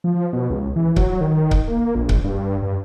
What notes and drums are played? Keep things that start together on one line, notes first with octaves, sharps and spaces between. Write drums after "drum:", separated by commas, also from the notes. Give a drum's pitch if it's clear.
F3
B2
C#2
E3
F#3, drum: kick C#1
D#3
drum: kick C#1
A#3
A#1
drum: kick C#1
G2
G2